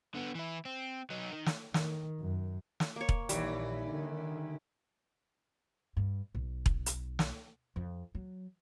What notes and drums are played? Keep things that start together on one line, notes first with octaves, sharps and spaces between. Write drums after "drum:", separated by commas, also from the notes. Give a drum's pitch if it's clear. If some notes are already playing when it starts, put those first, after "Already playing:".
D3 B3
E3 E4
C4
F#3 D#4
D#3
drum: snare
D#3, drum: snare
F#2
drum: snare
A#3 C#5
drum: kick E1
A#1 D#2 E3 G3, drum: hi-hat
D3 D#3
G2
B1
drum: kick E1
drum: hi-hat
drum: snare
F2
F#3